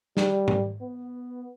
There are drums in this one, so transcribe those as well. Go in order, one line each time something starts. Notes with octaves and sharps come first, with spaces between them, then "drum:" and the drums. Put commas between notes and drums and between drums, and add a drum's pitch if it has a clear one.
G3, drum: snare
drum: tom G#2
B3